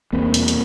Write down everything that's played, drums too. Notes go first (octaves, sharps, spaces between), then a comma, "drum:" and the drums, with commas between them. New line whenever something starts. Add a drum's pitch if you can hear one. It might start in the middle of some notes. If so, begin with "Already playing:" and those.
E2 A#3 C4
B2, drum: hi-hat
drum: hi-hat